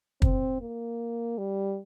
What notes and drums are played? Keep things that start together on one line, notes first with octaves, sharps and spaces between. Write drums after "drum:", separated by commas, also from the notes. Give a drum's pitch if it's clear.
C4, drum: kick
A#3
G3